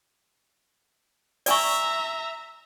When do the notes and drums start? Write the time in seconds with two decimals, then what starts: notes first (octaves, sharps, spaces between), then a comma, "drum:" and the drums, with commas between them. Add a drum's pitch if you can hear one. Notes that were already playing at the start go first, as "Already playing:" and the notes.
1.46 D5 E5 G#5 A#5 C#6, drum: open hi-hat